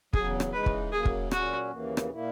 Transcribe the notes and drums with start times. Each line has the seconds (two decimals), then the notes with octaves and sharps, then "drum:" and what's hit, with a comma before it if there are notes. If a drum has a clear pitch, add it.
0.13 E2 C#3 F#3 G#4, drum: kick
0.40 drum: rim click
0.53 C#3 E3 G#3 D#4 B4
0.66 drum: kick
0.92 F#2 C#3 F#3 A#3 G#4
1.05 drum: kick
1.31 A#2 F#3 C#4 F#4, drum: rim click
1.70 D#2 C#3 E3 A#3
1.97 drum: rim click
2.11 A#2 A#3 E4